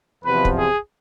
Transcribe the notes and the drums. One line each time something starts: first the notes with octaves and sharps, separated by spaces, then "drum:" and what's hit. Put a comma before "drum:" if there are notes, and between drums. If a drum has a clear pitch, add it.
E2 C3 F3 B4
drum: kick
G#4